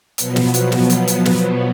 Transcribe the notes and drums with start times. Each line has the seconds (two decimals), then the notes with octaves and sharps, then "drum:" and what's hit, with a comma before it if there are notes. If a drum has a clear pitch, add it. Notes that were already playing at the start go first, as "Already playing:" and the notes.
0.18 B2 F3 F#3 B3, drum: hi-hat
0.36 drum: snare
0.54 drum: hi-hat
0.72 drum: snare
0.90 drum: hi-hat
1.08 drum: hi-hat
1.25 drum: snare